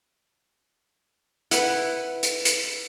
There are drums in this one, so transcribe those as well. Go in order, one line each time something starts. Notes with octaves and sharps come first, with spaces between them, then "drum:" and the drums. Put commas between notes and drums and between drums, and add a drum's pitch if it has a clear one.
E4 B4 F#5, drum: hi-hat
drum: hi-hat
drum: hi-hat